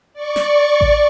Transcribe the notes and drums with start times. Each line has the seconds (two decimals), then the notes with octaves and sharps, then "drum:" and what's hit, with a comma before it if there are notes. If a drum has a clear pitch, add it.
0.13 D5 C#6
0.36 drum: snare
0.81 drum: kick A1